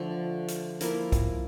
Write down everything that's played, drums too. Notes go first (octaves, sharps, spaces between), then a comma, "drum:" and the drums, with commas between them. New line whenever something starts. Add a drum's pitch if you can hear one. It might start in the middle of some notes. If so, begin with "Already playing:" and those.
Already playing: D3 F3 A3
drum: hi-hat
F3 A#3 E4 A#4, drum: hi-hat
drum: kick B1, hi-hat